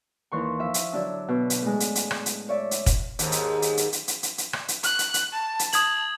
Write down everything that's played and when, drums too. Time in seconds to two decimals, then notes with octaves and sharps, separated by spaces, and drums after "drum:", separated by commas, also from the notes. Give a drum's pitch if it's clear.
0.32 D#2 E3 C6 C#6
0.59 F3 E5
0.74 drum: hi-hat
0.92 D3 F#3 D4 E6
1.28 B2
1.50 drum: hi-hat
1.62 A2 G#3
1.80 drum: hi-hat
1.95 drum: hi-hat
2.11 drum: rim click
2.26 drum: hi-hat
2.49 C#5 D5 E5
2.71 drum: hi-hat
2.86 drum: kick, hi-hat
3.19 D#2 G#2, drum: hi-hat
3.32 drum: hi-hat
3.62 drum: hi-hat
3.77 drum: hi-hat
3.93 drum: hi-hat
4.08 drum: hi-hat
4.23 drum: hi-hat
4.38 drum: hi-hat
4.53 drum: rim click
4.68 drum: hi-hat
4.83 F#6, drum: hi-hat
4.99 drum: hi-hat
5.14 drum: hi-hat
5.33 A5
5.59 drum: hi-hat
5.73 D#6 G#6 F#7, drum: hi-hat